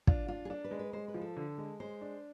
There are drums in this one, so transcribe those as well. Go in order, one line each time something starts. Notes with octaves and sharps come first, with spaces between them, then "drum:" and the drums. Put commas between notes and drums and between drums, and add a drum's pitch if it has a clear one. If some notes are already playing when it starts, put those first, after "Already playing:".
D4 F4, drum: kick
D4 F4
G#4
D4 A4
B4
G#3
B4
G#3 C5
B4
F3
A4
D3
G#3
G#3 C5
D4